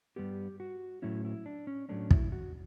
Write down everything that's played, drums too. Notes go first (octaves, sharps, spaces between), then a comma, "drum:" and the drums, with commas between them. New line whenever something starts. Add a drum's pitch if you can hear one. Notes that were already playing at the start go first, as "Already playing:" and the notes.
G2 E3 G3 B3 G4
F#4
A2 F#3 A3 C#4 E4
E4
D4
C#4
A2 F#3 A3 C#4 D4
E4, drum: kick
F#4